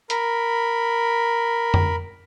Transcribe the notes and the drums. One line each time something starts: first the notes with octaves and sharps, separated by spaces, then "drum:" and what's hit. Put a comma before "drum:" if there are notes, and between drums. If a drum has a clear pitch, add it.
A#4 B5, drum: hi-hat
drum: tom F2